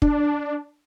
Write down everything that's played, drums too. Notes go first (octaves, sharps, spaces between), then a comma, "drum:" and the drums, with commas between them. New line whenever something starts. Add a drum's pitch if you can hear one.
D4, drum: kick